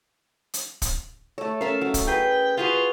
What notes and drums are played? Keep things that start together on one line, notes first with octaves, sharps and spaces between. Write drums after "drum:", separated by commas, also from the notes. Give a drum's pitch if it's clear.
drum: hi-hat
drum: kick, hi-hat
A3 A4 C#5
C#4 A4 A#4 E5 F5
F#3
drum: kick, hi-hat
G#4 B4 G5
F4 F#4 G#4 B4